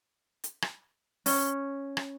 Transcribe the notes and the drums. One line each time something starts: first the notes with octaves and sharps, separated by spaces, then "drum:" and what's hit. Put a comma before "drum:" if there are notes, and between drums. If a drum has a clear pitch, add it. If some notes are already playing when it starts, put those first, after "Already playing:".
drum: hi-hat
drum: rim click
C#4, drum: open hi-hat
drum: rim click